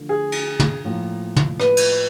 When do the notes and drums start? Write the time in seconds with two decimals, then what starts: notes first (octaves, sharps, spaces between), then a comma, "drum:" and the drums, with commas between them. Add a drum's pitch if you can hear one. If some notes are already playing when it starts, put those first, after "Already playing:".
Already playing: D3 F3 A3
0.09 G#4
0.32 drum: cymbal
0.60 drum: tom
0.85 A2 F3 A#3
1.36 drum: tom
1.60 B4, drum: rim click
1.77 drum: cymbal